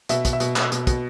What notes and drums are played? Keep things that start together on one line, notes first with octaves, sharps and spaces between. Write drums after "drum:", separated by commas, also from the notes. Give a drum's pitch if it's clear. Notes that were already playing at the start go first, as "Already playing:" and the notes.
B2 E5, drum: hi-hat
B2, drum: kick, hi-hat
E5
B2, drum: hi-hat
B2, drum: clap
B2, drum: hi-hat
B2, drum: kick, hi-hat